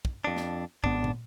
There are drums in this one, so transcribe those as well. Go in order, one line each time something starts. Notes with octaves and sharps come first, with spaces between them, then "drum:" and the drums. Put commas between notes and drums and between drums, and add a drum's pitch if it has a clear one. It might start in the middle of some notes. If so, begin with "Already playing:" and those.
drum: kick
F2 D4
drum: snare
G#1 B3 D4, drum: kick
drum: tom